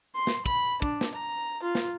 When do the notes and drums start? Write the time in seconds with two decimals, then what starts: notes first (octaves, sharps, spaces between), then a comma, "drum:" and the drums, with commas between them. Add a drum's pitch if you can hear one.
0.15 C6
0.27 drum: snare
0.46 B5, drum: kick
0.82 D4, drum: kick
1.01 drum: snare
1.15 A#5
1.63 F4
1.75 drum: snare